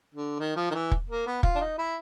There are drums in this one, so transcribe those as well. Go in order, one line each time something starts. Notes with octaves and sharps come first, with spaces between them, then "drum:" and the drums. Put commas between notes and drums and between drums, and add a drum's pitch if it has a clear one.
D3
D#3
F3
D#3
E3
drum: kick
A#3
B3
F4, drum: kick
D4
D#4
E4